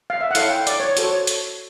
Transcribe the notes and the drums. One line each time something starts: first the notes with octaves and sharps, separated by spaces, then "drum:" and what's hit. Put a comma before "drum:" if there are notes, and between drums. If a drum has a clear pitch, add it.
F5
E5
F#5
E4 A4 C#5 F5, drum: hi-hat
G5
D5, drum: hi-hat
C#5
F#4 A4 C5, drum: hi-hat
C#5
drum: hi-hat